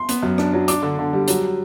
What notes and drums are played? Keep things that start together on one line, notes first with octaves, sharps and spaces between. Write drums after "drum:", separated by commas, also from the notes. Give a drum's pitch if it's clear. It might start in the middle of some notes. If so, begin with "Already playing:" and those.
Already playing: C6
B3, drum: hi-hat
F#2
D4, drum: rim click
F#3
D4 D6, drum: hi-hat
D3
D3
G3
F#3, drum: hi-hat